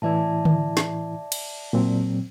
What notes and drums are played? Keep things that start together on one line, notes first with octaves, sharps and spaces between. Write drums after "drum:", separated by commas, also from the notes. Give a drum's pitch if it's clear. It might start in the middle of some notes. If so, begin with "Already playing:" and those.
A2 E3 E4 D5 E5 A5
drum: tom D3
drum: snare
drum: cymbal
A#2 F#3 C4